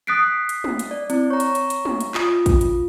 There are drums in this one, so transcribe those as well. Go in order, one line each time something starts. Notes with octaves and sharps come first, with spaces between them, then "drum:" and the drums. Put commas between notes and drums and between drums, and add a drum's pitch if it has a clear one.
D#6 F#6 A6 B6 C7 D7
drum: hi-hat
drum: tom
drum: hi-hat
D5
C4 E4, drum: hi-hat
C#5 A#5 C#6
drum: hi-hat
drum: hi-hat
drum: hi-hat
drum: tom
drum: hi-hat
F4 D#6, drum: clap
drum: kick, hi-hat
drum: hi-hat